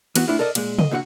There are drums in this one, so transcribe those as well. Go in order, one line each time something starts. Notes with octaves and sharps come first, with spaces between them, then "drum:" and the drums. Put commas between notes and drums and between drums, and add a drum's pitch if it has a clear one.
E3 B3 F#4, drum: cymbal
A2 D4 E4 F4
A4 A#4 D5 D#5
A#2 G#3, drum: cymbal
D#5, drum: tom
A#2 D3 F#4 F#5